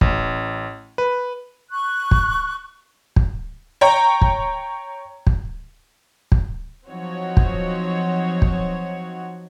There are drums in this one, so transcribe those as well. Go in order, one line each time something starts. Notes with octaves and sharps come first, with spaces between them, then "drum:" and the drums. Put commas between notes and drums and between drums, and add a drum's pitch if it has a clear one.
A1, drum: kick
B4
C#6 F#6
drum: kick
drum: kick
C#5 G5 A#5
drum: kick
drum: kick
drum: kick
F3 F#3 C4 D#4 F#4 C#5
drum: kick
drum: kick